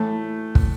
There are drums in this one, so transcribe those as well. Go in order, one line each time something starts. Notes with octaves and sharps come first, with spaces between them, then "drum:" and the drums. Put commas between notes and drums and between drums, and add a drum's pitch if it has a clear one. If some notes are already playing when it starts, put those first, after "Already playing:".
Already playing: A2 E3 A3
drum: kick